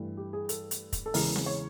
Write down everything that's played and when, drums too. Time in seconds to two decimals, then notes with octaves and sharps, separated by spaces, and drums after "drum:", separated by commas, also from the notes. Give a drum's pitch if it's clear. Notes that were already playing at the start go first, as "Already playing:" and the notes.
Already playing: G2 E3 A3
0.17 G4
0.33 G#4
0.49 A4, drum: hi-hat
0.71 drum: hi-hat
0.93 drum: kick, hi-hat
1.06 A4
1.14 E2 C#3 E3 G#3 A#4, drum: open hi-hat
1.36 drum: snare C4
1.46 C#5